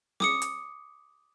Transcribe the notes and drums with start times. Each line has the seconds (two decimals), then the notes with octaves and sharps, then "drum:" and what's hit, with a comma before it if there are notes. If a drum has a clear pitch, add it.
0.20 D6 D#6 C#7, drum: snare
0.42 drum: hi-hat